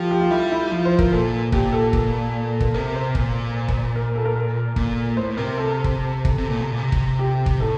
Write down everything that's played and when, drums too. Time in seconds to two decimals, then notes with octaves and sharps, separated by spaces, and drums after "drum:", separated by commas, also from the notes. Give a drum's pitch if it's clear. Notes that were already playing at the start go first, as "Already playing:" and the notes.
Already playing: F3 F4 G4 A4
0.11 G4
0.21 F4
0.30 G3 E4
0.52 E4
0.71 F3 F4
0.85 C5
0.99 A#4, drum: kick
1.12 A#2 A4
1.52 A#2 G4, drum: kick
1.73 A4
1.93 drum: kick
2.60 drum: kick
2.74 C3 A#4
2.95 C5
3.15 A#2, drum: kick
3.68 drum: kick
3.96 A#4
4.16 A4
4.25 A#4
4.76 A#2, drum: kick
5.16 A2 C5
5.37 C3 A#4
5.57 A4
5.84 drum: kick
6.25 drum: kick
6.38 C3
6.50 A#2
6.61 C3
6.71 A#2
6.78 C3
6.92 drum: kick
7.19 G4
7.46 drum: kick
7.60 A2 A4